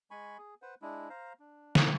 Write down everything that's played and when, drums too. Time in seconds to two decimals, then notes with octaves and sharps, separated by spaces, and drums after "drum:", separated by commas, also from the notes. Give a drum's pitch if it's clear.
0.11 G#3 G#5 B5 C#6
0.38 G#4
0.62 B4 C5 F#5
0.82 G#3 D4 E4
1.10 C5 F5 A#5
1.40 D4
1.75 drum: snare